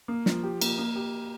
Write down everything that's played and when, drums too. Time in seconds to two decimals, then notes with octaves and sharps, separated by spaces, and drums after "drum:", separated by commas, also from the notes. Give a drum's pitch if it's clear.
0.08 A#3
0.26 F3, drum: snare
0.43 G4
0.61 A#3, drum: cymbal
0.78 A#3
0.96 G4